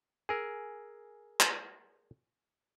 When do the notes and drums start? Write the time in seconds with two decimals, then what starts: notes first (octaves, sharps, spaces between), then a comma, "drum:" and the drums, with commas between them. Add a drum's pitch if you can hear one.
0.29 G#4 A#4 G#5 E6
1.40 drum: clap